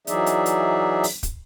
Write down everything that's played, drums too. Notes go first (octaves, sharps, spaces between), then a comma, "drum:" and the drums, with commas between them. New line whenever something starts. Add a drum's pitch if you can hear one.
E3 F#3 D#4 G#4 D5 E5, drum: hi-hat
drum: hi-hat
drum: hi-hat
drum: open hi-hat
drum: kick, hi-hat